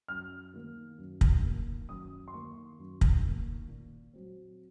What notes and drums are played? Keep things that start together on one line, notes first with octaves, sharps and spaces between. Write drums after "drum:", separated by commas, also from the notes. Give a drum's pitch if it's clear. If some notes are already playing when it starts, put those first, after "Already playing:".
F#2 F6
D#3 A#3
F#2
drum: kick
D#3 A#3
F#2 D#6
C6
D#3 A#3 C#6
F#2
drum: kick
D#3 A#3
A#2
F#3 C4